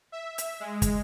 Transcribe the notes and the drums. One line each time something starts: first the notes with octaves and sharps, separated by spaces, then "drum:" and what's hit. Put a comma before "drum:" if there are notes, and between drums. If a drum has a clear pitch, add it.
E5
drum: hi-hat
G#3
drum: kick, hi-hat